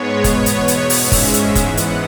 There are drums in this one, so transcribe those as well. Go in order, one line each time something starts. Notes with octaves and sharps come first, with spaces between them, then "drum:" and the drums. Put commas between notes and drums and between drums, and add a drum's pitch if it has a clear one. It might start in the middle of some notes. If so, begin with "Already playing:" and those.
Already playing: G#2 G#3 B3 C#5
E2 B2 B3, drum: kick, hi-hat
drum: hi-hat
drum: hi-hat
G#2 G#3 C#4 E5, drum: open hi-hat
drum: kick, open hi-hat
E5
drum: hi-hat
G#2 E3 B3 F#5, drum: kick, hi-hat
drum: hi-hat